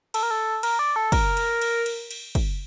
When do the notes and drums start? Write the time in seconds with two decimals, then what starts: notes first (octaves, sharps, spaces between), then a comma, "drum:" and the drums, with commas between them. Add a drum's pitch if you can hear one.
0.14 A4, drum: cymbal
0.23 A#4
0.31 A4
0.63 A#4, drum: cymbal
0.79 D5
0.96 A4
1.12 A#4, drum: kick, cymbal
1.37 drum: cymbal
1.61 drum: cymbal
1.86 drum: cymbal
2.11 drum: cymbal
2.35 drum: kick, cymbal